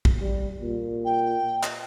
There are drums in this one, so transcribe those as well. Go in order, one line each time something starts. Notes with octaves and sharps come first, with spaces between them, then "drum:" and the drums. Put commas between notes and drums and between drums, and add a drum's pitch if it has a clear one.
drum: kick A#1
G3
A#2
G5
drum: clap